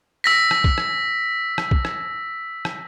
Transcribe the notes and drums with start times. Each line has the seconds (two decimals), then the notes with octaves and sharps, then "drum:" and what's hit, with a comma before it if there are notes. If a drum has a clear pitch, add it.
0.24 E6 A#6 B6
0.51 drum: rim click
0.64 drum: kick
0.78 drum: rim click
1.58 drum: rim click
1.71 drum: kick
1.85 drum: rim click
2.65 drum: rim click